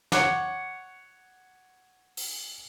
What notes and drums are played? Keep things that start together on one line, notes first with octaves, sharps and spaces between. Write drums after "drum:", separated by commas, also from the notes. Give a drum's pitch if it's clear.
C#5 F#5 D6, drum: snare
drum: open hi-hat